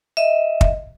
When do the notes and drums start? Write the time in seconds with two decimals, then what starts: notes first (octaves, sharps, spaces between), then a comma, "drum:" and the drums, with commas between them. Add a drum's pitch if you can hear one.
0.17 D#5 E5
0.61 drum: kick